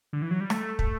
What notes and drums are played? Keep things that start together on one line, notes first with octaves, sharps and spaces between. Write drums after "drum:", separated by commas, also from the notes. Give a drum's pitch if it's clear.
D3
E3
F#3
G3
A3, drum: rim click
A3, drum: kick